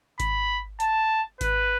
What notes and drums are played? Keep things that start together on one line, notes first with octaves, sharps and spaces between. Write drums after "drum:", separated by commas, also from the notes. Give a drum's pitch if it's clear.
B5, drum: kick G#1, hi-hat
A5, drum: hi-hat
B4, drum: kick G#1, hi-hat